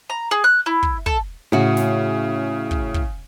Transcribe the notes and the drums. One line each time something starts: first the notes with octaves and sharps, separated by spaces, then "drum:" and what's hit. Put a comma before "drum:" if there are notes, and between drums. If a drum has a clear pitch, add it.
A#5
G#4
F#6
E4
drum: kick
A4, drum: kick
A2 C#3 F#4
drum: snare
drum: kick
drum: kick